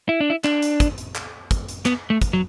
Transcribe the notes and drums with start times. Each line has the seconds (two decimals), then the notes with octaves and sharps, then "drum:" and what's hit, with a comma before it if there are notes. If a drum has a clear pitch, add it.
0.09 E4
0.20 D4
0.30 E4
0.44 D4, drum: clap
0.62 drum: hi-hat
0.80 drum: kick, hi-hat
0.98 drum: hi-hat
1.15 drum: clap
1.51 drum: kick, hi-hat
1.68 drum: hi-hat
1.86 B3, drum: clap
2.10 A3
2.22 drum: kick, hi-hat
2.33 F#3